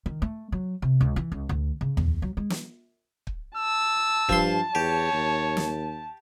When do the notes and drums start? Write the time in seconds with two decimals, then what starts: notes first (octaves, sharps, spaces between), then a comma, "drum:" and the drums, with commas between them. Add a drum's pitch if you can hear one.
0.06 D#3
0.22 A3
0.52 F#3
0.82 C3
1.01 C#2
1.16 E3
1.32 C#2
1.49 D2
1.81 C#3
1.97 E2, drum: tom D2
2.22 F#3
2.37 G#3
2.50 drum: snare
3.27 drum: kick
3.57 A5 E6
4.29 G2 F3 C6, drum: kick
4.75 E2 G4 C#5
5.13 D#2
5.57 drum: snare